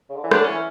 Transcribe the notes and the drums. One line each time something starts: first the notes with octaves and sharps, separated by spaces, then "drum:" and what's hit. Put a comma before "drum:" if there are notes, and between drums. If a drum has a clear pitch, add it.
C#3
D3
E3
F#3 D4, drum: rim click
E3 C#4